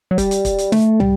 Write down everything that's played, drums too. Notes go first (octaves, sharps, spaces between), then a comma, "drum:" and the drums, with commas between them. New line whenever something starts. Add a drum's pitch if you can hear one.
F#3
G3, drum: kick, hi-hat
drum: hi-hat
drum: kick, hi-hat
drum: hi-hat
A3, drum: snare
G3, drum: tom